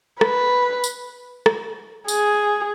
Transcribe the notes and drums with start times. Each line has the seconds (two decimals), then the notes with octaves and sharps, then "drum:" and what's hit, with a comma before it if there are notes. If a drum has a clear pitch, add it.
0.21 B4, drum: rim click
0.84 drum: tambourine
1.46 drum: rim click
2.08 G#4, drum: tambourine